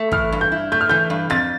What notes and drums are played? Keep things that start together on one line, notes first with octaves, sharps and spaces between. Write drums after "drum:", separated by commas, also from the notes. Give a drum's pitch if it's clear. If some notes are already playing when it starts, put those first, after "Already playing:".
Already playing: A3
E3 F6, drum: kick
G2
G6
E4
A3 G6
F6
E3 G6
G2
F2 A6